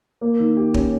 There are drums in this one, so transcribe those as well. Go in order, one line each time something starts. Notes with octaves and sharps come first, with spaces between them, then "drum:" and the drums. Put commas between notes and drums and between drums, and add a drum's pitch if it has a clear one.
A#3
D#3
G4
C#4, drum: kick